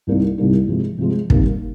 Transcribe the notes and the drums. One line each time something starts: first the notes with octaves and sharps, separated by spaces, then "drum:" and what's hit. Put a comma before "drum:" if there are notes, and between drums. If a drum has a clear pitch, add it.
C2 C3 G3 A#3 D#4
C2 C3 G3 A#3 D#4
C3 F3 G#3
C3 F3 G#3
C3 D#3 G3 A#3, drum: kick